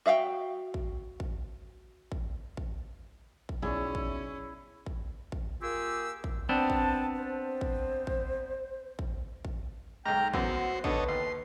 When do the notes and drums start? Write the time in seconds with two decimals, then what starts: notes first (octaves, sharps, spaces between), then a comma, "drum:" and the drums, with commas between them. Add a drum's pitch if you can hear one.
0.06 F#4 E5 F5 G5
0.74 drum: kick
1.20 drum: kick
2.12 drum: kick
2.57 drum: kick
3.49 drum: kick
3.62 B1 C#4 E4 G#4 C#5 D5
3.95 drum: kick
4.86 drum: kick
5.32 drum: kick
5.62 A#3 F4 G4 G#4 E6
6.24 drum: kick
6.49 B3 C4 D4 A5
6.70 drum: kick
7.16 C5
7.61 drum: kick
8.07 drum: kick
8.99 drum: kick
9.45 drum: kick
10.06 B1 G#2 G5 A#5 F6
10.34 F#2 E3 B3 F#4 C5, drum: kick
10.84 B2 D3 D4 A4 B4 C#5 D#5, drum: kick
11.08 D#2 C6